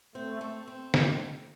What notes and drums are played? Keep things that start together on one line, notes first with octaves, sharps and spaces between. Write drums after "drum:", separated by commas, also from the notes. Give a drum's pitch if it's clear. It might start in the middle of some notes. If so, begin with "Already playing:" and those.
A3 C4
A3
C4
D#3, drum: snare